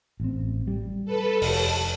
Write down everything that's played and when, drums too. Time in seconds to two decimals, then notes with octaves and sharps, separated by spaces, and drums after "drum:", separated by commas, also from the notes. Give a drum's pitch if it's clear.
0.20 A1 C4
0.67 G3
1.05 A4 B4
1.42 F1 A5, drum: open hi-hat